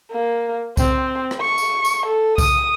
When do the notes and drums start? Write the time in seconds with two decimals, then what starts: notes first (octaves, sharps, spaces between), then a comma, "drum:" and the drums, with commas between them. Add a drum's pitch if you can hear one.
0.11 A#3
0.77 C4, drum: kick C2, tambourine
1.31 drum: rim click
1.41 C#6
1.58 drum: tambourine
1.85 drum: tambourine
2.06 A4
2.38 D#6, drum: kick C2, tambourine